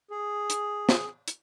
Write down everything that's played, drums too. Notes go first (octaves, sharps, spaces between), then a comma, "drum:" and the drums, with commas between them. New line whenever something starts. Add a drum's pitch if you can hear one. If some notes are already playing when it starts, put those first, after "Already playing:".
G#4
drum: hi-hat
drum: snare
drum: hi-hat